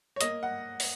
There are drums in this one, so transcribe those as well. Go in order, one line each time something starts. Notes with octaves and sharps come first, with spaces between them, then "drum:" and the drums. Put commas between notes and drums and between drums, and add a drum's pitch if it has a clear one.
C#5
A#3 D#5, drum: hi-hat
F#5
drum: open hi-hat